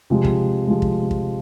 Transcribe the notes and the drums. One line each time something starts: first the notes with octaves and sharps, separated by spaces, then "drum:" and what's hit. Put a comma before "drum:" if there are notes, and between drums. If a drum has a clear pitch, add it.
C3 F3 G#3
drum: kick
C3 F3 G#3
drum: kick
drum: kick